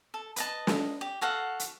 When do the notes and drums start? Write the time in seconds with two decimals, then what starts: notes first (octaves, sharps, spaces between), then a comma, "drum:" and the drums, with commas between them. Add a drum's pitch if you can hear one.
0.14 A4
0.36 B4 D#5 A5, drum: hi-hat
0.67 drum: snare
1.01 G4
1.21 F#4 A4 F5 F#5
1.60 drum: hi-hat